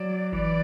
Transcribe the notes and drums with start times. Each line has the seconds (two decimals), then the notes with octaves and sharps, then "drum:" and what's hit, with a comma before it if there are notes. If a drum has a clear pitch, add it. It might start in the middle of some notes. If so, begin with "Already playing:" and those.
Already playing: F#3 D5
0.33 E3 D5, drum: kick G1